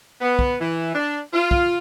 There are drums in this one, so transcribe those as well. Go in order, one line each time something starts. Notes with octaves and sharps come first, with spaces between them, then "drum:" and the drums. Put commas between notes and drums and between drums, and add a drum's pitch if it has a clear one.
B3
drum: kick
E3
D4
F4
drum: kick